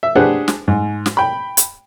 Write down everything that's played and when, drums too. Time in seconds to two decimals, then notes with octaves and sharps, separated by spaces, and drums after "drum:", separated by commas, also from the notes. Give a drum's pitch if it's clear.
0.03 E5
0.15 D4 G4 G#4 B4 C5 F#5
0.48 drum: snare
0.68 G#2
1.06 drum: snare
1.17 G5 B5
1.57 drum: hi-hat